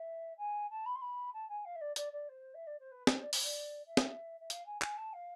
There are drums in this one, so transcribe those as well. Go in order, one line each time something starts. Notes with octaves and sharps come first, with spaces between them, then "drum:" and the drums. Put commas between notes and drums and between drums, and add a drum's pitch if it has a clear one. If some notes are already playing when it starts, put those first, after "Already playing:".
Already playing: E5
G#5
A5
B5
C6
B5
A5
G#5
F5
E5
D5
D5, drum: hi-hat
D5
C5
E5
D5
C5
B4
C5, drum: snare
D5
C5, drum: open hi-hat
D5
E5
drum: snare
E5
F5, drum: hi-hat
G#5
G#5, drum: clap
A5
F5